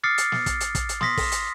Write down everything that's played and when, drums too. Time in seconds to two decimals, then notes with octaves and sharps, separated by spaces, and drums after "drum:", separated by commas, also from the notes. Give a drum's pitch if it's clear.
0.04 D6 D#6 F6 A6 C7 C#7
0.18 drum: hi-hat
0.32 drum: snare
0.46 drum: kick, hi-hat
0.60 drum: hi-hat
0.75 drum: kick, hi-hat
0.89 drum: hi-hat
1.01 C6 D#6 A#6 B6, drum: snare
1.17 drum: kick, open hi-hat
1.32 drum: hi-hat